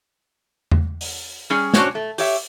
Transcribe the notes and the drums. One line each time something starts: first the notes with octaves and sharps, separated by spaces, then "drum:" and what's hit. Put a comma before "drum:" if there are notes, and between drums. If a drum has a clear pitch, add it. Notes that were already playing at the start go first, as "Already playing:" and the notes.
drum: tom E2
drum: open hi-hat
G3 C#4 G#4
C#4 D4 F#4 C5 C#5, drum: snare
A3
G4 C#5 E5, drum: open hi-hat